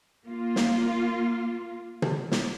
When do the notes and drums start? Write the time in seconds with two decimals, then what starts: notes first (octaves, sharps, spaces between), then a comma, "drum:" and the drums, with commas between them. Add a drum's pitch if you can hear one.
0.27 A#3 F4
0.56 drum: snare
2.02 drum: tom
2.31 drum: snare